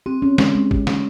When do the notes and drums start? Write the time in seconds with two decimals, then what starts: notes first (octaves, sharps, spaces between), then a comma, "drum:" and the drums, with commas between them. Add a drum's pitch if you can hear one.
0.06 C4 G4
0.22 C#4
0.38 G#3, drum: snare
0.55 G#3
0.71 G4, drum: kick
0.87 C#4, drum: snare